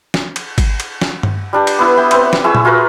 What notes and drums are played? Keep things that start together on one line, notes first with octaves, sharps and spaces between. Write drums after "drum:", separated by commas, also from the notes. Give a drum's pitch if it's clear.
drum: snare
drum: cymbal
drum: kick G#1, cymbal
drum: cymbal
drum: snare
drum: tom G2
G3 D4 G4
drum: cymbal
B3 E4
E5 G5
C4 B4, drum: cymbal
drum: snare
E4 G#4 C#6 E6
drum: tom A#2
F4 F#4 A#4 B4